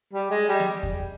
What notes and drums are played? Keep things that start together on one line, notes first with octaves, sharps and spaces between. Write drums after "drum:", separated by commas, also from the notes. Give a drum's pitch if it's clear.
G3
G#3
G3
drum: snare
drum: kick E2